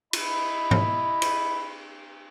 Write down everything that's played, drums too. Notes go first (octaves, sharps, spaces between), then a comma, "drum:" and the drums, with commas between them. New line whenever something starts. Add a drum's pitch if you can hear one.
E4 D#5 B5, drum: cymbal
drum: tom G#2
drum: cymbal